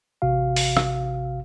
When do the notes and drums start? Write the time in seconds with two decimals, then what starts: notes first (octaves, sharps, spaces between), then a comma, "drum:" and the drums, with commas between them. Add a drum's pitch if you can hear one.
0.22 A1 C3 F#4 F5
0.56 drum: open hi-hat
0.77 drum: rim click